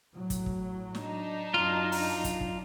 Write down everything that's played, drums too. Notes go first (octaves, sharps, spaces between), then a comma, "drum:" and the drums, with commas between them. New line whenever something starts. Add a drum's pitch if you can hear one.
A2 F#3
drum: kick, hi-hat
drum: kick
D4 D#4, drum: snare
F#2 F#3 F4
drum: open hi-hat
drum: kick, hi-hat
drum: kick